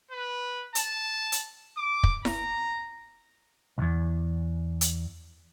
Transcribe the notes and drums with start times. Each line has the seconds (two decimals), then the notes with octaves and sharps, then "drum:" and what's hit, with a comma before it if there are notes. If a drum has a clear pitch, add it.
0.11 B4
0.75 A5, drum: hi-hat
1.32 drum: hi-hat
1.77 D6
2.03 drum: kick
2.25 A#5, drum: snare E4
3.78 B1 E2
4.81 drum: hi-hat